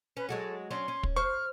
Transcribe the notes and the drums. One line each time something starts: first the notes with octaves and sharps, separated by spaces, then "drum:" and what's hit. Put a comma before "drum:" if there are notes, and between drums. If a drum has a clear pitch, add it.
C#4 B4
F#3 G#3 F#4 A4
F#3 C#4 D4 C6
C#4
drum: kick
C5 C#6 F6